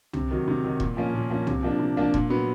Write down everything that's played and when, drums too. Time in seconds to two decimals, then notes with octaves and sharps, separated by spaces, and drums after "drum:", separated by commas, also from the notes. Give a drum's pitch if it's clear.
0.13 C3, drum: tom C2
0.31 D#3 F#3
0.48 C3
0.64 D#3 F#3
0.80 A#2, drum: kick E1
0.97 F3 A#3 C#4
1.14 A#2
1.30 F3 A#3 C#4
1.47 C3, drum: tom C2
1.63 F3 A#3 D4
1.80 C3
1.97 F3 A#3 D4
2.14 A#2, drum: kick E1
2.30 F#3 B3